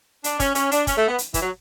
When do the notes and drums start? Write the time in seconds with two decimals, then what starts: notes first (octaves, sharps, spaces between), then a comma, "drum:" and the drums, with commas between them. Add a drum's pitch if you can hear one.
0.24 D4, drum: hi-hat
0.40 C#4, drum: kick, hi-hat
0.55 C#4, drum: hi-hat
0.72 D4, drum: hi-hat
0.87 C#4, drum: kick, hi-hat
0.97 A3
1.08 B3
1.18 drum: hi-hat
1.34 E3, drum: kick, hi-hat
1.42 F#3